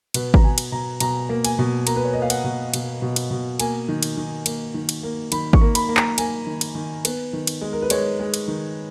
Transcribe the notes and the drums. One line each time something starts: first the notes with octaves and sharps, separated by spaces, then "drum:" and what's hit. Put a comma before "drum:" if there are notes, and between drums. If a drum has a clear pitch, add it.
B2 B4, drum: cymbal
A#5, drum: kick G#1
B2 G#5
drum: cymbal
B2 A#5
B2 A#5, drum: cymbal
A#3
G#5, drum: cymbal
B2
A#3 A#5, drum: cymbal
B4
C#5
A#3 D#5
F5
F#5, drum: cymbal
B2
B2, drum: cymbal
B2
drum: cymbal
B2
A#3 G#5, drum: cymbal
D#3
drum: cymbal
D#3
A#3, drum: cymbal
D#3
drum: cymbal
A#3
D#3 B5, drum: cymbal
C#6, drum: kick G#1
A#3
B5, drum: cymbal
A#3
A#5, drum: clap
A#3 G#5, drum: cymbal
D#3
drum: cymbal
D#3
B3, drum: cymbal
D#3
drum: cymbal
G#3
A#4
B4
G#3 C#5, drum: cymbal
G#3
drum: cymbal
D#3